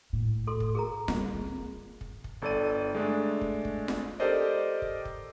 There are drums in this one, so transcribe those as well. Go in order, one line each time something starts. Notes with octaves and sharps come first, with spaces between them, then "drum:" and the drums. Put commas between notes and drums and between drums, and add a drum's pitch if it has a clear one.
A2
A4 C6
drum: kick
G#4 A#4 A#5
G3, drum: snare F4
C4
drum: kick
drum: kick
G1 A4 D5 D#7
G#3 A3 D4
drum: kick
drum: kick
drum: snare F4
G4 A4 A#4 C5 D5 D#5
drum: kick
drum: kick